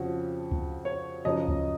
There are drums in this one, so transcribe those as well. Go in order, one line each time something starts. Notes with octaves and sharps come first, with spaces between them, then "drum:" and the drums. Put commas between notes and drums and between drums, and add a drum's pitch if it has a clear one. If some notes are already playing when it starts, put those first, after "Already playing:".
Already playing: F2 C#3 F3 F#4
drum: kick C#2
C#5
F#2 C#3 F3 D#5
drum: kick C#2